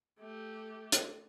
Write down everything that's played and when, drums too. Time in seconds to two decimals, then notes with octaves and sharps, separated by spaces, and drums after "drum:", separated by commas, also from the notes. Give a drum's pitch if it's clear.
0.19 A3 G4
0.92 drum: hi-hat